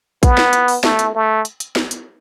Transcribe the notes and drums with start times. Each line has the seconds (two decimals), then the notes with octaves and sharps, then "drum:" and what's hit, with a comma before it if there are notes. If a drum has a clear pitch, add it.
0.23 B3, drum: kick, hi-hat
0.37 drum: snare
0.53 drum: hi-hat
0.68 drum: open hi-hat
0.84 A3, drum: snare
0.99 drum: hi-hat
1.15 A3
1.45 drum: hi-hat
1.60 drum: hi-hat
1.76 drum: snare
1.91 drum: hi-hat